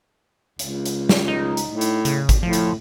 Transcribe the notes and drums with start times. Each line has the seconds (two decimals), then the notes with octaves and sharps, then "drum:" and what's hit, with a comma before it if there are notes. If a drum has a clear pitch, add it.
0.59 C#2, drum: hi-hat
0.85 drum: hi-hat
1.09 drum: snare
1.28 D#4
1.57 drum: hi-hat
1.69 A2
1.81 drum: hi-hat
2.05 C#3, drum: hi-hat
2.29 drum: kick G#1, hi-hat
2.43 A2 F3
2.53 drum: hi-hat